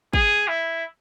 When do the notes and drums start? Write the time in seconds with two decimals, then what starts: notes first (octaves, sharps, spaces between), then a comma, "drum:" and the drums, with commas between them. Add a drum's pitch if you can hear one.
0.13 G#4, drum: kick
0.48 E4